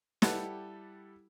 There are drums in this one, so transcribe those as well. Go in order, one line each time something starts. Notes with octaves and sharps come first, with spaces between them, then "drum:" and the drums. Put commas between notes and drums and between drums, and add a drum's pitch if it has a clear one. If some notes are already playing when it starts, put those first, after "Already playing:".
G3 E4 G4 A4 B4 F#5, drum: snare